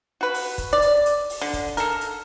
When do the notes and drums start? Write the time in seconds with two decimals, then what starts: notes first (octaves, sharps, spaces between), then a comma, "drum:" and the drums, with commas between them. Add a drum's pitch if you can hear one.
0.21 F#4 B4
0.34 drum: open hi-hat
0.58 drum: kick, hi-hat
0.73 D5
0.82 drum: hi-hat
1.06 drum: hi-hat
1.30 drum: open hi-hat
1.41 D3
1.53 drum: kick, hi-hat
1.77 A4 A#4, drum: hi-hat
2.01 drum: hi-hat